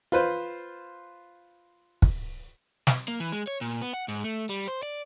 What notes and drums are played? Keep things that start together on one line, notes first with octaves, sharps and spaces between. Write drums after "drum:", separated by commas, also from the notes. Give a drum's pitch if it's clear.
F4 B4 C5
drum: kick
drum: snare
A#3
E3
G#3
C#5
A#2
B3
F#5
G#2
A3
G3
C5
D5